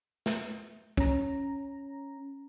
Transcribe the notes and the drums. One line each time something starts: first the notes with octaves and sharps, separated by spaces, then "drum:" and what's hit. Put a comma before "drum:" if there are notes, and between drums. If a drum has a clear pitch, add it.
drum: snare
C#4 A#5, drum: kick